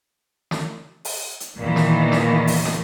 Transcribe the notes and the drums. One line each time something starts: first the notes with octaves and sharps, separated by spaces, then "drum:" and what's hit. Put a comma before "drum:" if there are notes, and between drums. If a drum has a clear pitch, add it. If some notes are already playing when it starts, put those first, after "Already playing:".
drum: snare
drum: open hi-hat
drum: hi-hat
E2 A#2 D#3 E3
drum: snare
drum: snare
drum: open hi-hat
drum: snare